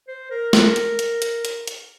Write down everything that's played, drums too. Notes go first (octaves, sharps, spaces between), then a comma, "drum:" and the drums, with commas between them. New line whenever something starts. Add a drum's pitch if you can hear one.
C5
A#4
drum: snare
drum: hi-hat
drum: hi-hat
drum: hi-hat
drum: hi-hat
drum: hi-hat